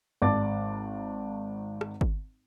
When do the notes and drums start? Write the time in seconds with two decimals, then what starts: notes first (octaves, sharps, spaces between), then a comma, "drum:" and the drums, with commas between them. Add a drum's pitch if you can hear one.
0.22 G#1 D5 A5 D6 A6
1.81 drum: rim click
2.01 drum: kick G1